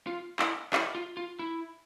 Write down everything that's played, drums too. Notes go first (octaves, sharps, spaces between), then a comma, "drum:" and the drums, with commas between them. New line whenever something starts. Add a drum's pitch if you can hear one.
F4
E4, drum: clap
E4, drum: clap
F4
F4
E4